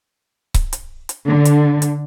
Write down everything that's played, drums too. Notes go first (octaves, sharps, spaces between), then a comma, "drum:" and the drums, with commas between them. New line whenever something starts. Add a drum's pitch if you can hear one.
drum: kick C#1, hi-hat
drum: hi-hat
drum: hi-hat
D3
drum: hi-hat
drum: hi-hat